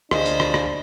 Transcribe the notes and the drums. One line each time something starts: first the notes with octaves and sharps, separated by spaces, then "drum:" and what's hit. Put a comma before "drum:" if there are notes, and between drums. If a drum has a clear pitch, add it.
D2 D4 F4 G#4 C5 D#5 B5, drum: rim click
drum: hi-hat
drum: rim click
drum: rim click